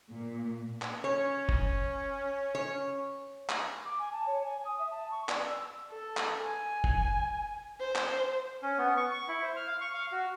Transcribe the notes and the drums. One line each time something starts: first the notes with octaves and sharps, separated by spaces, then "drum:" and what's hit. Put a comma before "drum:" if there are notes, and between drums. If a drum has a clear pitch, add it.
A#2
drum: clap
C#4 C#5
drum: kick
C#5
drum: clap
D6
G#5
A5
C#5
G#5
D#6
E5
A5
C#6
D5, drum: clap
E6
A4
drum: clap
G#5
drum: kick
C5
drum: clap
C#4
B3
C#6
C#6
E4
C5
F6
F5
C#6
F5
F#4